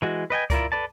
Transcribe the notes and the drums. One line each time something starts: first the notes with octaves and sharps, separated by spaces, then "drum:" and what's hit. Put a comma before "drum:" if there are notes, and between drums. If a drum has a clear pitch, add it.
E3 G#3 F#4
B4 D#5 G5 G#5
E4 F4 A#4 D5, drum: kick C#2, hi-hat
A4 B4 D5 A5